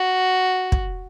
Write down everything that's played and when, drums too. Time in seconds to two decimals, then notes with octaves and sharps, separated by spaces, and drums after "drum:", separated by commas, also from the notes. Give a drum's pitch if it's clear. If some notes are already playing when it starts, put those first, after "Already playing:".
Already playing: F#4
0.72 drum: kick